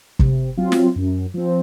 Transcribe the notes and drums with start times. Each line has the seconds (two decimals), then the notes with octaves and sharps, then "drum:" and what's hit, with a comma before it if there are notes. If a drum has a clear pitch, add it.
0.19 C3, drum: kick
0.57 F#3 C4 F4
0.72 drum: snare
0.96 F#2
1.34 F3 C4